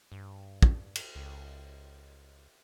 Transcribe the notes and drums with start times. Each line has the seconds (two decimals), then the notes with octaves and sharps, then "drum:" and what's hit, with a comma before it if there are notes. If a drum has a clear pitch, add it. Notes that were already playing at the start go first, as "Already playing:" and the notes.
0.12 G2
0.62 drum: kick
0.95 drum: cymbal
1.15 C#2